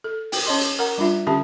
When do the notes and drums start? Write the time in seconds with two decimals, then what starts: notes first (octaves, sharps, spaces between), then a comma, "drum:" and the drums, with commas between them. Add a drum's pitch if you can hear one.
0.04 A4
0.32 G5, drum: open hi-hat
0.47 C#4 C#5 D#5 C6
0.61 drum: hi-hat
0.79 A#4 F#5 A#5
0.98 G3 D4 F4 E5
1.27 D3 C#4 G4 E5 A5